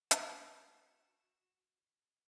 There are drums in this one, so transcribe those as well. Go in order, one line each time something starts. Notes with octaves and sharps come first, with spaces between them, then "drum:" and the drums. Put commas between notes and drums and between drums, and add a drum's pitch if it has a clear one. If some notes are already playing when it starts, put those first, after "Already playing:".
F#4 E7, drum: hi-hat